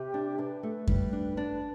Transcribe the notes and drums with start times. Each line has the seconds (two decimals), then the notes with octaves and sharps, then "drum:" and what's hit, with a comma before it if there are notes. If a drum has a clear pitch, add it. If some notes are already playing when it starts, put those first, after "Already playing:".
Already playing: C3 G4
0.14 D4
0.38 D4 B4
0.63 A3
0.88 G3 B4, drum: kick F#2
1.13 D4
1.37 D4